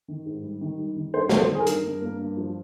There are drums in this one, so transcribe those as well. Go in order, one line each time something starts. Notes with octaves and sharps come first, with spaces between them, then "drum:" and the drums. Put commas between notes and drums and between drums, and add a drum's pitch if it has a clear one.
D#3
G#2
G3
D#3
G3
D#3
G2 C5
G3 C#5, drum: snare
C5
D#3
G#4
A#4
G2, drum: hi-hat
G2
A#3
G2
F3